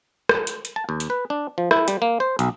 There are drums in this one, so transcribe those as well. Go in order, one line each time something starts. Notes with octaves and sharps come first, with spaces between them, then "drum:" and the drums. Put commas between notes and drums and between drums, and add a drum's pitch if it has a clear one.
drum: rim click
drum: hi-hat
drum: hi-hat
A5
D#2
drum: hi-hat
B4
D4
F3
E4, drum: rim click
G3, drum: hi-hat
A#3
C5
B1, drum: hi-hat